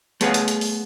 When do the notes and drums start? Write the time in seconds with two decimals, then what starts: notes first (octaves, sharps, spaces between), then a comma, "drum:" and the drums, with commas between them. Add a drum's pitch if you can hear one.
0.21 A3 B3 G#4 C#5 F5, drum: hi-hat
0.34 drum: hi-hat
0.48 drum: hi-hat
0.61 drum: open hi-hat